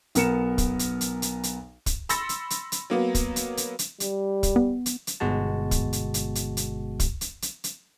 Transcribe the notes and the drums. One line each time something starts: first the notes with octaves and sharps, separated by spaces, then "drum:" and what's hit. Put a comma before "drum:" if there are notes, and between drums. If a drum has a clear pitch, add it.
B1 B3 A#4 C#7 E7, drum: hi-hat
drum: kick, hi-hat
drum: hi-hat
drum: hi-hat
drum: hi-hat
drum: hi-hat
drum: kick, hi-hat
B5 C6 E6 A6 A#6 C#7, drum: hi-hat
drum: hi-hat
drum: hi-hat
drum: hi-hat
F#3 A#3 B3
drum: kick, hi-hat
drum: hi-hat
drum: hi-hat
drum: hi-hat
G3, drum: hi-hat
drum: kick, hi-hat
B3
drum: hi-hat
drum: hi-hat
G1 B2 G#3 F#4 A5
drum: kick, hi-hat
drum: hi-hat
drum: hi-hat
drum: hi-hat
drum: hi-hat
drum: kick, hi-hat
drum: hi-hat
drum: hi-hat
drum: hi-hat